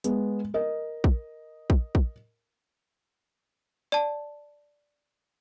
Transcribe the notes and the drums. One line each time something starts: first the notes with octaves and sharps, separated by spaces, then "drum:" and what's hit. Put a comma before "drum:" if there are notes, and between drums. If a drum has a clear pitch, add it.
G#3 B3, drum: hi-hat
A#4 D#5
drum: kick
drum: kick
drum: kick
D5 A5